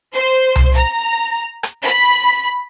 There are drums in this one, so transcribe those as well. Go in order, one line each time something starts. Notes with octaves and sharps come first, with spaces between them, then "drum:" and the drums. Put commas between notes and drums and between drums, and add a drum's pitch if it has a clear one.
C5
drum: tom C2
A#5, drum: hi-hat
drum: rim click
B5